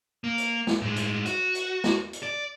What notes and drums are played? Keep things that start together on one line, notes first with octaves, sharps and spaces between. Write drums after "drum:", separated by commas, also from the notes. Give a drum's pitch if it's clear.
A#3
drum: hi-hat
drum: snare
A2 G#3
drum: hi-hat
F#4, drum: hi-hat
drum: hi-hat
drum: snare
drum: hi-hat
D5